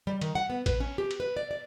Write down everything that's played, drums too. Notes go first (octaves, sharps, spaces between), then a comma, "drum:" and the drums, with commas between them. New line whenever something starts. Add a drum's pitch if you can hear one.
G3
D#3, drum: cymbal
F#5
B3
B4, drum: kick A1, cymbal
C#4
G4
drum: cymbal
B4
D5
D5